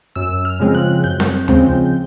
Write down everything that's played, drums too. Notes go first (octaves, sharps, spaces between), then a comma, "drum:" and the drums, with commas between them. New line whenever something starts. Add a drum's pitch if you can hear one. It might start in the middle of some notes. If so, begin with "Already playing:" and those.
F#2 E6
F6
C#3 F3 G#3 C4
F#6
F#2 G6
drum: snare C4
C#3 F3 G#3 C4, drum: tom D2